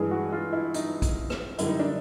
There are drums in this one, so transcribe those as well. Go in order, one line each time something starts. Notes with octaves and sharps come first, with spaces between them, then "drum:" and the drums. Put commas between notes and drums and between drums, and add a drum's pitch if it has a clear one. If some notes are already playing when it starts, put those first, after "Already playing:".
Already playing: G2 E3 G#3 G#4
F#4
F4
E4
D#4, drum: hi-hat
drum: kick, hi-hat
drum: rim click
F#2 D3 G3 E4, drum: hi-hat
D#4
D4